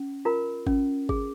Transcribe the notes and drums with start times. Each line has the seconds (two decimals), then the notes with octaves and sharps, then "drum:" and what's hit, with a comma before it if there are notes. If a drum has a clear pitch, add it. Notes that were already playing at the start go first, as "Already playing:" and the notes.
Already playing: C#4
0.25 F4 A#4 A#5
0.67 C#4, drum: kick G#1
1.09 G#4, drum: kick G#1